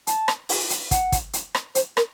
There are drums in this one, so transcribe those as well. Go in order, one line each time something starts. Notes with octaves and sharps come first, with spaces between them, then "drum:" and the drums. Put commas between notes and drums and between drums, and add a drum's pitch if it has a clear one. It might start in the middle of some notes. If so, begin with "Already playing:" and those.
A5, drum: hi-hat
drum: rim click
drum: open hi-hat
drum: hi-hat
F#5, drum: kick, hi-hat
drum: kick, hi-hat
drum: hi-hat
drum: rim click
C5, drum: hi-hat
A#4, drum: rim click